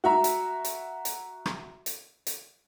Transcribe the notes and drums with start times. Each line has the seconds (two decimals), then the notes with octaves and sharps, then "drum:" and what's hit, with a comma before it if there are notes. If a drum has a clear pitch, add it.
0.04 F#4 E5 A#5
0.24 drum: hi-hat
0.65 drum: hi-hat
1.05 drum: hi-hat
1.46 drum: rim click
1.86 drum: hi-hat
2.27 drum: hi-hat